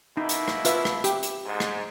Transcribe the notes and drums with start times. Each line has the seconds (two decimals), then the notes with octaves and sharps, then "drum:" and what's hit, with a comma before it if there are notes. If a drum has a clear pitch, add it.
0.17 B2 A#3 D#4 E4
0.29 drum: hi-hat
0.48 drum: rim click
0.65 F4 B4 E5, drum: hi-hat
0.85 drum: rim click
1.04 G4, drum: hi-hat
1.23 drum: hi-hat
1.46 G#2
1.60 drum: rim click